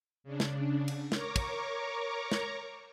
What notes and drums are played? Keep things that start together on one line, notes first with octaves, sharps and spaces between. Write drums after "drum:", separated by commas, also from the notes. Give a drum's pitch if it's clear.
C#3 D4
drum: snare
drum: cymbal
A#4 C#5 A#5 C#6 D6, drum: snare
drum: kick, cymbal
drum: snare